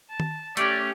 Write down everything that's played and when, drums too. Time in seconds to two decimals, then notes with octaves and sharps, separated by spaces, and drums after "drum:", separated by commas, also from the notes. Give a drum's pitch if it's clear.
0.10 A5
0.20 drum: tom D#3
0.57 A3 C#4 G4 D5, drum: hi-hat